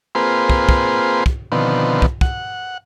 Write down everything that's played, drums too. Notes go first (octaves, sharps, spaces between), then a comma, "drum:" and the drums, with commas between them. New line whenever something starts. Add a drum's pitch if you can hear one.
A#3 C4 F4 G#4 B4 C5
drum: kick
drum: kick
drum: kick
B2 D3 D#3 F3 B3 C4
drum: kick
F#5, drum: kick